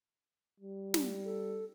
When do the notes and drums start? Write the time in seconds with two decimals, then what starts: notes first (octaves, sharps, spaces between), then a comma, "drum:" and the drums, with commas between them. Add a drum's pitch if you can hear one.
0.60 G3
0.94 drum: snare
1.25 A4